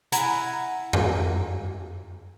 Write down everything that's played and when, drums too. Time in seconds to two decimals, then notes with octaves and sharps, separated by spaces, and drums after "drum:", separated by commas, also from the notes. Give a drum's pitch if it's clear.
0.12 E4 F#5 G#5 A#5, drum: hi-hat
0.93 drum: tom F2